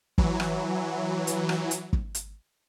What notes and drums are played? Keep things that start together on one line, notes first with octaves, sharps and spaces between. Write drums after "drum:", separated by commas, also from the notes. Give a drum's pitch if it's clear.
E3 F#3, drum: kick
drum: rim click
drum: hi-hat
drum: rim click
drum: hi-hat
drum: kick
drum: hi-hat